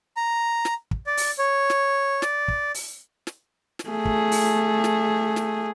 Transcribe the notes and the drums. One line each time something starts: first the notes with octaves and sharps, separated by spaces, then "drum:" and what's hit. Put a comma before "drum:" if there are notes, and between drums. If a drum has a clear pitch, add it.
A#5
drum: snare
drum: kick
D5
drum: open hi-hat
C#5
drum: snare
D5, drum: snare
drum: kick
drum: open hi-hat
drum: snare
drum: snare
A3 G#4
drum: kick
drum: open hi-hat
drum: snare
drum: snare